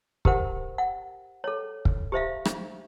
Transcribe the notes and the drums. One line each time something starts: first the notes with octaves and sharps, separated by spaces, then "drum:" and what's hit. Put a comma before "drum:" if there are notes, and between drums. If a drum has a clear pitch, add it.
G4 A#4 C5 F#5, drum: kick
F#5
A4 C#5
drum: kick
G4 C5 E5 F5
drum: rim click